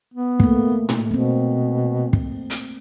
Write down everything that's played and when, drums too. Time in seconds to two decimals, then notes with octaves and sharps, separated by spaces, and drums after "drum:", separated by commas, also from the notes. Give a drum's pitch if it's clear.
0.14 B3
0.40 A3 A#3, drum: kick
0.89 drum: tom A2
1.11 B2 A#3 C4
2.13 drum: kick
2.50 drum: hi-hat